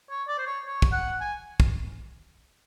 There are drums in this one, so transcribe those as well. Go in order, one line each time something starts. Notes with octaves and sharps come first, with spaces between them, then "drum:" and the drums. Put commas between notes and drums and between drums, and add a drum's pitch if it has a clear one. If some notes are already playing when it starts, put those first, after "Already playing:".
C#5
D5
C5
C#5
C#5
drum: kick
F#5
G#5
drum: kick